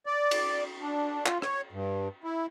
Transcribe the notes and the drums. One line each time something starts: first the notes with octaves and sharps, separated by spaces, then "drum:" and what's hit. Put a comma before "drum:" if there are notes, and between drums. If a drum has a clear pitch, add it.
D5
drum: cymbal
D4
F4, drum: clap
C#5, drum: rim click
G2
E4